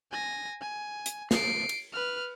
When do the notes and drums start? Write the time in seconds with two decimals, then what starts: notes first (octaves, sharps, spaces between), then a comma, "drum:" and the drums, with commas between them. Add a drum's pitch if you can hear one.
0.12 G#5 A#6
0.61 G#5
1.06 drum: hi-hat
1.31 C7 D7, drum: snare
1.69 drum: cymbal
1.92 B4 F6